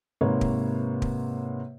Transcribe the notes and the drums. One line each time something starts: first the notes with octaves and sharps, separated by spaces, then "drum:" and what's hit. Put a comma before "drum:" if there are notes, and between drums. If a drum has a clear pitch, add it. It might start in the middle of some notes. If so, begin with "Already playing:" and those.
G#2 C3 A#3 B4 C#5
drum: kick
drum: kick